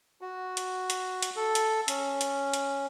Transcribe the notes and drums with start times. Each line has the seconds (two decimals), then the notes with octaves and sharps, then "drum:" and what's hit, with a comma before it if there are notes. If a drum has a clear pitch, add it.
0.21 F#4
0.57 drum: hi-hat
0.90 drum: hi-hat
1.22 drum: hi-hat
1.36 A4
1.55 drum: hi-hat
1.88 C#4, drum: hi-hat
2.21 drum: hi-hat
2.54 drum: hi-hat